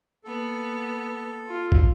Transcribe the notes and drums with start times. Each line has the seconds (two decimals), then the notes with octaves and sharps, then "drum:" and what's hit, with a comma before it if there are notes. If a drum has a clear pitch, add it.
0.24 A#3 B3 A4
1.47 F4
1.72 drum: kick